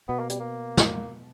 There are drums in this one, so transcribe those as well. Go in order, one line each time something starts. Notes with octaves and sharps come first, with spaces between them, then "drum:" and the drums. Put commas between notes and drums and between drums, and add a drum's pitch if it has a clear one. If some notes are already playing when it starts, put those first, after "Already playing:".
B2 B3
A#3
G3, drum: hi-hat
A#3
drum: snare